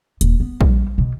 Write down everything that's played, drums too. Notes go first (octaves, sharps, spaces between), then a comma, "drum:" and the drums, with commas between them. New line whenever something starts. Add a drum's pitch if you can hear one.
D#1, drum: hi-hat
B3
G3, drum: kick A#1
B2